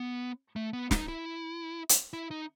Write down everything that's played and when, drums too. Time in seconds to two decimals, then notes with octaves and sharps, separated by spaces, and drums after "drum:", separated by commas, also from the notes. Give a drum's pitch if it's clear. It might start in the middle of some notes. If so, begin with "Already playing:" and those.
Already playing: B3
0.56 A3
0.73 B3
0.91 D#4, drum: snare
1.08 E4
1.89 drum: hi-hat
2.13 E4
2.31 D#4